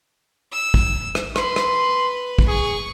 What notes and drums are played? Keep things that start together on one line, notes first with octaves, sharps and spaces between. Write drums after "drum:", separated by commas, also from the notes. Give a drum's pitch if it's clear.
E6
drum: kick
drum: rim click
B4 C6, drum: rim click
drum: rim click
drum: kick
G#4 C#6